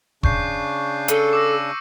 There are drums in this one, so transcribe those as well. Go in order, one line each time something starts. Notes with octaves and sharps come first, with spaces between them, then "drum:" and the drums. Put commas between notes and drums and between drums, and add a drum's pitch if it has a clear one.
C#3 D4 C#6 G6 C7, drum: kick E1
A4 C#7 D#7, drum: hi-hat
D6 E6 A#6